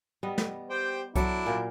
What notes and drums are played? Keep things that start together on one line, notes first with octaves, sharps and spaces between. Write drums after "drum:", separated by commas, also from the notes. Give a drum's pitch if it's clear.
G3 B3 D#5
drum: snare
G4 C5 G5
F#3 D4 E4 A4, drum: kick C2, hi-hat
A#2 A#3